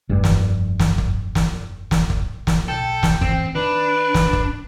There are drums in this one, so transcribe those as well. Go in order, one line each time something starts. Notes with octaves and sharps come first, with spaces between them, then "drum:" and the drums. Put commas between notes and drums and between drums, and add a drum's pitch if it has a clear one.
F1 G2
drum: snare
drum: snare
drum: kick
drum: snare
drum: snare
drum: kick
drum: snare
D1 B1 A4 G5
drum: snare
F2 A2 E3 C4, drum: kick
D#3 D4 B4
drum: snare
drum: kick